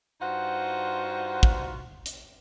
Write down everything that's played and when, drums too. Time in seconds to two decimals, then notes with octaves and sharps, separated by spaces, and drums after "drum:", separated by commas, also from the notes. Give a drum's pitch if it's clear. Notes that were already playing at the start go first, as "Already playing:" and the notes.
0.21 G2 D#4 F4 F#4 C5 F#5
1.43 drum: kick
2.06 drum: hi-hat